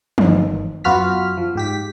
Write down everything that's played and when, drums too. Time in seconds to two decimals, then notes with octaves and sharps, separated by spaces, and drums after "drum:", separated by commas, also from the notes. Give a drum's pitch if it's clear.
0.18 G1 D#3, drum: tom E3
0.84 F#2 B3 F4 F#4 F6 B6
1.37 F3
1.55 G#2 G4 B6